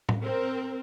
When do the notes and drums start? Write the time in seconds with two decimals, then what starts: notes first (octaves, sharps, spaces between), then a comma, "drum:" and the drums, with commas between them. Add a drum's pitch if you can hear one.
0.09 drum: tom
0.22 C4 A#4